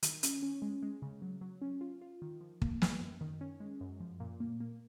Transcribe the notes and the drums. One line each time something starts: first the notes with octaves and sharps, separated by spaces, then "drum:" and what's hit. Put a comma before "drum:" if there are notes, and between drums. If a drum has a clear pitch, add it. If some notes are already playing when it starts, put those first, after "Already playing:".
D#3, drum: hi-hat
C#4, drum: hi-hat
C#4
G#3
G#3
C#3
F#3
F#3
C#4
F4
F4
D#3
F3
A#3, drum: kick
A#3, drum: snare
F#2
D#3
C#4
G#3
F#2
F3
A#2
A#3
A#3